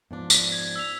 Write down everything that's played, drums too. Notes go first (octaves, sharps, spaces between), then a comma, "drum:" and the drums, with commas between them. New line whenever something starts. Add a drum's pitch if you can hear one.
G#2 F3 B3 D4
drum: tambourine
G#6
E6 B6 F7